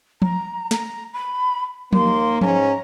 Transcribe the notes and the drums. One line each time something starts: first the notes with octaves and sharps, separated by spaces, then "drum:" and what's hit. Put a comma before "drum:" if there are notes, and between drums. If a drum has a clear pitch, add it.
A#5, drum: tom F3
A#5, drum: snare
B5
D#2 A#3 C6, drum: tom F3
G#2 C#4 A#5, drum: tom F3